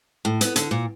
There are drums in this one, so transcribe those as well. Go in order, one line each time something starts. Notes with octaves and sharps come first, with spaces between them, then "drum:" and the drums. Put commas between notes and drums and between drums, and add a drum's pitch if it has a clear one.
A2
B3, drum: hi-hat
D3, drum: hi-hat
A#2